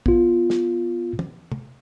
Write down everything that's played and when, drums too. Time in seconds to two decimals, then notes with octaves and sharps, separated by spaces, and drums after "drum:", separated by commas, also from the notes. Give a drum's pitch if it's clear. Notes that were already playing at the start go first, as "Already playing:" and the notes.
0.06 B3 F4, drum: kick
0.50 drum: snare
1.19 drum: tom
1.52 drum: tom